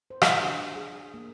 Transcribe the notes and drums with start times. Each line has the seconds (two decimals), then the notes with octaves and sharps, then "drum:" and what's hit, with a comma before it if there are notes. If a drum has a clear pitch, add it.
0.10 C5
0.22 drum: rim click
0.40 D4
0.76 G#4
1.14 A#3